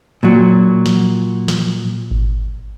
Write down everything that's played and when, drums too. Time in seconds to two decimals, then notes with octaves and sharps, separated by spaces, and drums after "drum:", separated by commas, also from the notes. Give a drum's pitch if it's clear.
0.23 A#2 F#3
0.86 drum: snare
1.48 drum: snare
2.11 drum: kick G#1